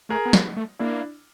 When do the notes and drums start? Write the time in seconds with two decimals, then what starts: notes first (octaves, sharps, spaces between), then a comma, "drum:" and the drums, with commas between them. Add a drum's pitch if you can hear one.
0.09 A3 G#4 A#4
0.26 B3
0.33 A#3, drum: snare
0.57 A3
0.79 A#3 D4 E4